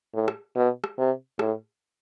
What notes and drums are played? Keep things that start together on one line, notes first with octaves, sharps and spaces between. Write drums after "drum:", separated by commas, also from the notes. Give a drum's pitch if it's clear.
A2
drum: rim click
B2
drum: rim click
C3
A2, drum: rim click